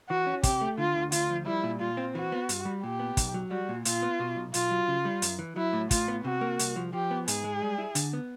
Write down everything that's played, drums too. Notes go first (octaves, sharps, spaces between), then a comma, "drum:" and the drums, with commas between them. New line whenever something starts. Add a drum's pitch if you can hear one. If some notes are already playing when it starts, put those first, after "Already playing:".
E3 F#4
C#4
C3 G4, drum: kick, hi-hat
A3
D3 F4
D2
D2 F4, drum: hi-hat
F3
G3 E4
A#2
A#2 F4
C4
E3 F#4
B3
G2, drum: hi-hat
G3
A#2 G4
B3
B1, drum: kick, hi-hat
F#3
G3 F#4
A#2
A#2 F4, drum: hi-hat
B3
B2
B1
B1 F4, drum: hi-hat
F#3
C#3
G3
F#2, drum: hi-hat
E3
F#3 E4
A2
A2 F4, drum: kick, hi-hat
B3
C3 F#4
A#3
C2, drum: hi-hat
F3
F3 G4
B3
G#2 G#4, drum: hi-hat
G#3
G3
E4
D3, drum: hi-hat
B3